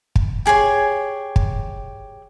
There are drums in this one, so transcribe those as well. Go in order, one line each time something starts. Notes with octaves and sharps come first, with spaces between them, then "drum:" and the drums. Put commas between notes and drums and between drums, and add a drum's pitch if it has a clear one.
drum: kick
G4 G#4 C5 C#5
drum: kick